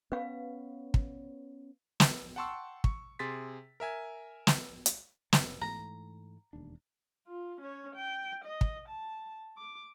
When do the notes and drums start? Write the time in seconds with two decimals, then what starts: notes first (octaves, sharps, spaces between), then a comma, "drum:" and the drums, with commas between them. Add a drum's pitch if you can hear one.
0.12 B3 C#4 B4 F5
0.94 drum: kick
2.00 drum: snare
2.36 F#5 G5 A5 C6 C#6 E6
2.84 C#6, drum: kick
3.19 C3 G#4 C6 A6 B6
3.80 A#4 E5 G#5 G#6
4.47 drum: snare
4.86 drum: hi-hat
5.33 F#1 C3 C#4, drum: snare
5.61 G#2 E3 A3 A#5
6.53 E1 D#2 D4
7.28 F4
7.61 C#4 C#5
7.95 G5
8.44 D#5
8.61 drum: kick
8.88 A5
9.58 D6